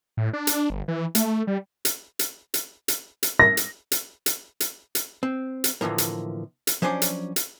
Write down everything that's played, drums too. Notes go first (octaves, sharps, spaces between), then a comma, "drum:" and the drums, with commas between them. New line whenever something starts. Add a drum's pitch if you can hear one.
A2
D4
drum: hi-hat
G1
E3
A3, drum: hi-hat
G3
drum: hi-hat
drum: hi-hat
drum: hi-hat
drum: hi-hat
drum: hi-hat
A#6
drum: hi-hat
drum: hi-hat
drum: hi-hat
drum: hi-hat
drum: hi-hat
C4
drum: hi-hat
A2 D3 E3 F3 A#3
drum: hi-hat
drum: hi-hat
F3 F#3 C#4 D4 C5 D5
drum: hi-hat
drum: hi-hat